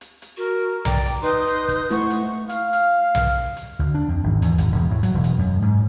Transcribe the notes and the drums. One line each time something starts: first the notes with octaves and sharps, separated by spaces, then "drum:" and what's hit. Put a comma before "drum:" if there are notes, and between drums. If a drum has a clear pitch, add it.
drum: hi-hat
drum: hi-hat
F#4 A#4
D5 G5 A#5 D6, drum: tom B1
drum: hi-hat
D#4 B4 C6 D#6
drum: hi-hat
drum: kick, hi-hat
A3 E4 C5 F#5 C#6, drum: hi-hat
drum: hi-hat
F5, drum: hi-hat
drum: hi-hat
drum: tom B1
drum: hi-hat
D2
D4
F2
G#1
E2, drum: hi-hat
G#1, drum: hi-hat
E1
A2
F#3, drum: hi-hat
E1
drum: hi-hat
F#2
G#2